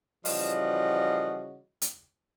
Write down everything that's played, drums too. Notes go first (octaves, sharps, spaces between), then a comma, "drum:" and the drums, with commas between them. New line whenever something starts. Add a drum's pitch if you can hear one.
C#3 E3 F3 G3 F#4 D#5, drum: open hi-hat
drum: hi-hat